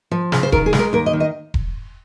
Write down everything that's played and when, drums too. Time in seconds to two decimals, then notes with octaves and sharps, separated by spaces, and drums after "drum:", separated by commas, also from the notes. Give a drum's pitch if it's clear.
0.11 F3
0.32 C#3, drum: snare
0.43 C5
0.52 D#3 A#4, drum: kick E1
0.66 G#4
0.73 G#3, drum: snare
0.79 A#4
0.93 D#2 A#4
1.06 D#5
1.13 D#3
1.20 D#5
1.54 drum: kick E1